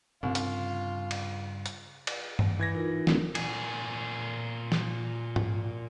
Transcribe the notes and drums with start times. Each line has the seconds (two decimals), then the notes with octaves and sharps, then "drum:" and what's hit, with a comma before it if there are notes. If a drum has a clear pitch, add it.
0.23 C2 G2 C#3 F4
0.35 drum: hi-hat
1.11 drum: cymbal
1.66 drum: hi-hat
2.07 drum: cymbal
2.39 drum: tom G2
2.59 E3 G#6 A#6
2.74 D#4 F4 A#4
3.07 D1, drum: snare
3.35 A#2 G#4, drum: cymbal
4.72 drum: snare
5.36 drum: tom G#2